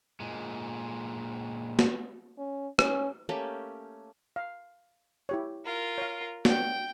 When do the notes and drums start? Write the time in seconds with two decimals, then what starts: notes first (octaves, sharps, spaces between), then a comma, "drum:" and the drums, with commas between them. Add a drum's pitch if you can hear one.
0.20 A#2 G#3
1.79 drum: snare
2.38 C#4
2.79 C#4, drum: rim click
3.29 A3 A#3 C#4 G4
4.36 F5
5.29 E4 G4 C#5
5.65 F4 A#4
5.98 C#5 F5
6.45 D4 F#5 G5, drum: snare